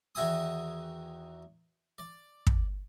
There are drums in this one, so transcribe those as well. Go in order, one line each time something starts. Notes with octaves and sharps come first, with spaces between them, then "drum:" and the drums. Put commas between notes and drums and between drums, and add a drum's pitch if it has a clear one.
E2 D#3 F#4 E5 G#5 D#6
D5
drum: kick